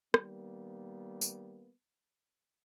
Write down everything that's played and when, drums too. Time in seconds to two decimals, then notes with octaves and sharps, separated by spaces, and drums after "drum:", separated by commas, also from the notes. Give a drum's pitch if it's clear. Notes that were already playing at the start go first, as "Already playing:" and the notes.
0.14 D#3 G3 A#3 B3, drum: rim click
1.21 drum: tambourine